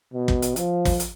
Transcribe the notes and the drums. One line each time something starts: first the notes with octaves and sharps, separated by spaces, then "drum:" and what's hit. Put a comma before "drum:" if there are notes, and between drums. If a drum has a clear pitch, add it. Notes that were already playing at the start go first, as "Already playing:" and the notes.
B2
drum: kick
drum: hi-hat
F3, drum: hi-hat
drum: kick, open hi-hat
drum: hi-hat